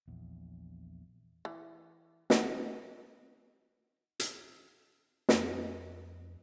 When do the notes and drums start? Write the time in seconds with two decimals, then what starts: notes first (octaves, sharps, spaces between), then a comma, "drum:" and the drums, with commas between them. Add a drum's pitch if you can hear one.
0.08 A#1 E2
1.45 E3
2.30 D#4 F#4, drum: snare
4.20 drum: hi-hat
5.29 F2, drum: snare